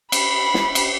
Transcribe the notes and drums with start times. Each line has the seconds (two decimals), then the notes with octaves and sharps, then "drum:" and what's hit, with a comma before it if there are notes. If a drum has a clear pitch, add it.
0.12 B5, drum: cymbal
0.54 drum: snare
0.75 drum: cymbal